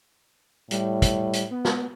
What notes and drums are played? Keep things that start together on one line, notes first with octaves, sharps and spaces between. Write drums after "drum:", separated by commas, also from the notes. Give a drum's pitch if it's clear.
A2 G3, drum: hi-hat
drum: kick, hi-hat
drum: hi-hat
B3
drum: snare